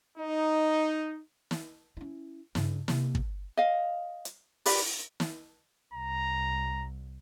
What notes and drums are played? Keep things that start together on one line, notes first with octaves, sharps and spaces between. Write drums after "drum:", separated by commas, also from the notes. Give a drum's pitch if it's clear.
D#4
drum: snare
C#4 E4
G2 C#3, drum: snare
C3 A#3, drum: snare
drum: kick
D#5 F5
drum: hi-hat
G4 A#4 B4 D5, drum: open hi-hat
drum: snare
C2 A#5